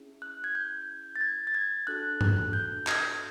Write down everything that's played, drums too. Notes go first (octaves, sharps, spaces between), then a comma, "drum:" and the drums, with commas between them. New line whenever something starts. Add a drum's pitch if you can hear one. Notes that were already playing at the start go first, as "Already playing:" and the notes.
Already playing: C#4 E4 G#4
F#6
G#6
G6
A6
G#6
A6
G#6
D4 F#4 A4 F#6
F#6, drum: tom G2
G6
G#6, drum: clap